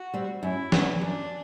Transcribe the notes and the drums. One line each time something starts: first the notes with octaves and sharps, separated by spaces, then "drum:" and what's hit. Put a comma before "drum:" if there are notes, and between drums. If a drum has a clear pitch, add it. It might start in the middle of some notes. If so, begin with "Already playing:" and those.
Already playing: F#4
G3 C4
F#2 E4
F#3 B3 D4 F#4, drum: snare
F#2 D4